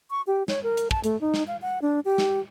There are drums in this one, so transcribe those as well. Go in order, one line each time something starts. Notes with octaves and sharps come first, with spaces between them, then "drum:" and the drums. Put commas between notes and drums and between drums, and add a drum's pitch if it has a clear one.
C#6
G4
C#5, drum: snare
A#4
drum: hi-hat
A5, drum: kick
A3, drum: hi-hat
D#4
drum: snare
F5
F#5
D4
G4
drum: snare